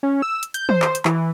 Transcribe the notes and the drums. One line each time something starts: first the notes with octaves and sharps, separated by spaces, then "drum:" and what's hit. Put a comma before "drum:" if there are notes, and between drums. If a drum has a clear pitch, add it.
C#4
E6
drum: hi-hat
G6, drum: hi-hat
C5, drum: tom
drum: clap
drum: hi-hat
E3, drum: clap